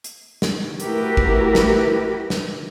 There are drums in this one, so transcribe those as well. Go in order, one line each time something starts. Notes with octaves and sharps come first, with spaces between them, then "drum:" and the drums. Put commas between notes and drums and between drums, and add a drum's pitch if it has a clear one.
drum: hi-hat
drum: snare
A3 E4 F#4 G4 A#4 B4, drum: hi-hat
drum: kick G#1
drum: snare
drum: snare